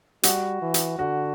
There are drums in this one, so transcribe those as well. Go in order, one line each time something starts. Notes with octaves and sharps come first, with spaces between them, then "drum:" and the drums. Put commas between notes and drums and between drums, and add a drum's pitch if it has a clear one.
G3 F#4, drum: hi-hat
E3
drum: hi-hat
D3 F#4